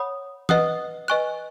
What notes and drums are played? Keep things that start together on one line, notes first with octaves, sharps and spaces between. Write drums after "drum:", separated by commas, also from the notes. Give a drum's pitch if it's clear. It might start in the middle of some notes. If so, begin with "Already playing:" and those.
Already playing: C#5 F#5 B5 D#6
B4 D#5 F#5 D#6 F#6, drum: tom E3
B4 D#5 G#5 C#6 F#6